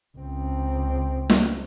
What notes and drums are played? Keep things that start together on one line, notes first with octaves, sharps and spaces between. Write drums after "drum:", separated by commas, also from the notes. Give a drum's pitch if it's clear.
C#2 C4
drum: snare